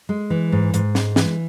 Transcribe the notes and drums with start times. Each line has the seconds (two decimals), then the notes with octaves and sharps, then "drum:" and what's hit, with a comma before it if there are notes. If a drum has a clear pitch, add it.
0.09 G#3
0.30 E3
0.52 G#2
0.74 G#2, drum: hi-hat
0.95 G#3, drum: snare
1.16 E3, drum: snare